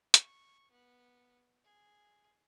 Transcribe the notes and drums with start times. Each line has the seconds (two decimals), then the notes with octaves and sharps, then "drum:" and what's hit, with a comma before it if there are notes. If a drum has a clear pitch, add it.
0.14 C#6, drum: hi-hat
0.71 B3
1.64 G#4